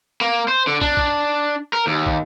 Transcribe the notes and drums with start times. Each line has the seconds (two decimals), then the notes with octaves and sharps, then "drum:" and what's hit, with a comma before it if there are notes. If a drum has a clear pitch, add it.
0.21 A#3
0.48 C5
0.67 D3
0.81 D4, drum: kick
0.97 drum: kick
1.73 A#4
1.87 D#2
2.06 drum: kick